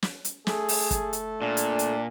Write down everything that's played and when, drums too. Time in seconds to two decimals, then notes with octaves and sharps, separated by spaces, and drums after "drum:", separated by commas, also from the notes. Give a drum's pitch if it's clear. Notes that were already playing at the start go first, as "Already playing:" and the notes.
0.02 drum: snare
0.25 drum: hi-hat
0.47 A3 G#4 A4, drum: snare
0.69 drum: open hi-hat
0.91 drum: kick, hi-hat
1.13 drum: hi-hat
1.42 A#2 D4
1.57 drum: hi-hat
1.79 drum: hi-hat